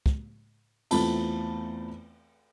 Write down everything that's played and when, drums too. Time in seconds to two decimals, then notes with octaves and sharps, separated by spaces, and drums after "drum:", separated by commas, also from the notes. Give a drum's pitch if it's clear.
0.06 drum: kick
0.91 E2 A3 C4 F4 A5 B5, drum: cymbal